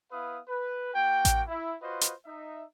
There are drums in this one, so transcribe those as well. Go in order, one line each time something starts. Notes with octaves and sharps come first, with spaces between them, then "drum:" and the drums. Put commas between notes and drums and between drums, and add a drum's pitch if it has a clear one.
B3 E4 B4 F5 D#6
B4
A#3 F#4 G5
drum: kick A1, hi-hat
E4
F4 F#4 B4 C5 D#5
drum: hi-hat
D#4 E5